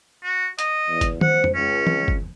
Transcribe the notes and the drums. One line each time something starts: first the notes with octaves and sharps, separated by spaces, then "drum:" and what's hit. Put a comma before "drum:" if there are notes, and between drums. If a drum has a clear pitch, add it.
F#4
D#5, drum: hi-hat
E2
drum: kick, hi-hat
C5 F#5, drum: tom
drum: tom
C#2 C#4
drum: tom
drum: kick